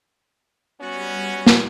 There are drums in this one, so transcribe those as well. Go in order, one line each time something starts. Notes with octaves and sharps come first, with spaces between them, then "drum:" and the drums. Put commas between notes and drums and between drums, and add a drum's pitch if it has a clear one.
G3 B3 C#4 F#4 B5
drum: snare